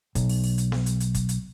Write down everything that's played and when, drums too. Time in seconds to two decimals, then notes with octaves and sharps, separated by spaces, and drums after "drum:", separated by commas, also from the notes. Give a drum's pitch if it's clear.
0.15 B1, drum: kick, hi-hat
0.29 drum: open hi-hat
0.44 drum: open hi-hat
0.58 drum: hi-hat
0.72 drum: snare B3
0.86 drum: hi-hat
1.00 drum: hi-hat
1.15 drum: kick, hi-hat
1.29 drum: hi-hat